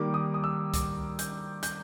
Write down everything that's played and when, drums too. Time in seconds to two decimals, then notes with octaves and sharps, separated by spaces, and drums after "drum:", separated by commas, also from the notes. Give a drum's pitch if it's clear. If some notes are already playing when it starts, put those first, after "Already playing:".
Already playing: D#3 G3 A#3 D6
0.14 D#6
0.34 D#6
0.44 E6
0.74 D6, drum: kick C#2, hi-hat
1.19 G6, drum: hi-hat
1.63 G6, drum: hi-hat